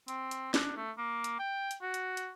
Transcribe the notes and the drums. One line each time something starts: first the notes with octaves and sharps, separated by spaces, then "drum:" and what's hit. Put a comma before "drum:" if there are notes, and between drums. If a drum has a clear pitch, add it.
C4, drum: hi-hat
drum: hi-hat
D4, drum: snare
A3
A#3
drum: hi-hat
G5
drum: hi-hat
F#4
drum: hi-hat
drum: hi-hat